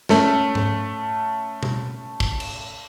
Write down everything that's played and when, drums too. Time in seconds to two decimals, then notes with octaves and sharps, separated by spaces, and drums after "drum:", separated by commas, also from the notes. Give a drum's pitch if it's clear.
0.09 A3 C#4, drum: snare
0.55 drum: tom G#2
1.63 drum: tom B2
2.20 drum: kick
2.40 drum: cymbal